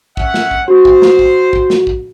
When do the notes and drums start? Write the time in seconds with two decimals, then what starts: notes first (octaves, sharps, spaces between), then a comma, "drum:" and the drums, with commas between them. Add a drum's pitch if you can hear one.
0.17 C#4 E5 F#5, drum: kick
0.34 drum: snare
0.51 drum: kick
0.68 F#4 C5
0.85 drum: kick
1.02 drum: snare
1.19 drum: kick
1.53 drum: kick
1.70 drum: snare
1.87 drum: kick